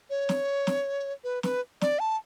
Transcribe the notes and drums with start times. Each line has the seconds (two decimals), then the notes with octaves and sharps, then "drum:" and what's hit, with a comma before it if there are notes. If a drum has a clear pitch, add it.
0.10 C#5
0.29 drum: snare
0.67 drum: snare
1.24 B4
1.43 B4, drum: snare
1.81 D5, drum: snare
1.99 A5